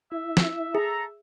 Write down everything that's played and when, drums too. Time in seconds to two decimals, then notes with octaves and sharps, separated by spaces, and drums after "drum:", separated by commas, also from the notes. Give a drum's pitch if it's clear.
0.12 E4 E5
0.37 drum: snare
0.75 G#4 A4 A#5